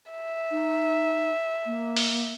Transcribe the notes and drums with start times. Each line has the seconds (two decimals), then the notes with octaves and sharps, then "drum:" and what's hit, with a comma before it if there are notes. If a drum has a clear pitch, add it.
0.12 E5
0.51 D#4
1.66 A#3
1.96 drum: open hi-hat